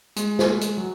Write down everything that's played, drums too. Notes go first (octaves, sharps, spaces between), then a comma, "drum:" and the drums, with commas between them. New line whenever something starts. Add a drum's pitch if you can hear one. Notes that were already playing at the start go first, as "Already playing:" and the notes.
G#3, drum: hi-hat
drum: snare
drum: hi-hat
F#3